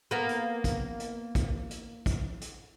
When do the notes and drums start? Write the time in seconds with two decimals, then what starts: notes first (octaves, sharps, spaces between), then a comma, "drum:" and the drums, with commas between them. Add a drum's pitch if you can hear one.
0.11 A#3 B3
0.29 drum: hi-hat
0.64 drum: kick, hi-hat
1.00 drum: hi-hat
1.35 drum: kick, hi-hat
1.71 drum: hi-hat
2.06 drum: kick, hi-hat
2.41 drum: hi-hat